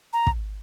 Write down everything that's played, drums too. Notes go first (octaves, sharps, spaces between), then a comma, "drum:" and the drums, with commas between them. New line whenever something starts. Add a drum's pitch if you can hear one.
A#5
drum: kick